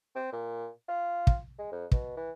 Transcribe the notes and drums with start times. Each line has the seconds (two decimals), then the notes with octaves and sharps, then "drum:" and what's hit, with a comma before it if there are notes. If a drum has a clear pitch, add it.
0.15 C4
0.32 A#2
0.89 F4
1.27 drum: kick
1.58 G#3
1.72 F2
1.92 B2, drum: kick
2.17 E3